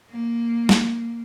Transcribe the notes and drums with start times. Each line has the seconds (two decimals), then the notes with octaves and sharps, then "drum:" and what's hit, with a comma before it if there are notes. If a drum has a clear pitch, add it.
0.10 A#3
0.69 drum: snare